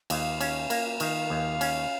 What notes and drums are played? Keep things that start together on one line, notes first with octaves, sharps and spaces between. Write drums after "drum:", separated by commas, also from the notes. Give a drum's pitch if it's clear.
D#2 F5, drum: cymbal
C#4, drum: cymbal
A#3, drum: cymbal
D#3 F5, drum: cymbal
D#2
C#4, drum: cymbal